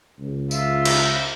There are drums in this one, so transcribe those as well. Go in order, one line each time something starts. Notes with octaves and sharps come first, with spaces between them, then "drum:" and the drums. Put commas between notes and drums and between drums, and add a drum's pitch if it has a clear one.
C#2
F4 E5, drum: tambourine
drum: cymbal